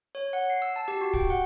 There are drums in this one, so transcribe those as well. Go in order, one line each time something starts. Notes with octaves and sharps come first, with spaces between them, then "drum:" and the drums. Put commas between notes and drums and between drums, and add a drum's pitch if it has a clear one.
C#5
F#5
C7
E6
A5
G4
F#4
G5, drum: kick
F#5